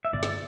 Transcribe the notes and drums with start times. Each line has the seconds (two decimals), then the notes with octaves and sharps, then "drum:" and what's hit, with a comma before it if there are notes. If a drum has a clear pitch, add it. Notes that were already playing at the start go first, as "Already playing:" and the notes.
0.05 E5
0.13 G2 D3 B3 D4 D5
0.23 drum: snare